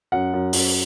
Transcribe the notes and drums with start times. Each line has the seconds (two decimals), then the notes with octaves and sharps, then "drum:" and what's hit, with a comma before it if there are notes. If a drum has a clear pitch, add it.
0.12 F#2 F#5
0.34 F#2
0.53 F#2, drum: open hi-hat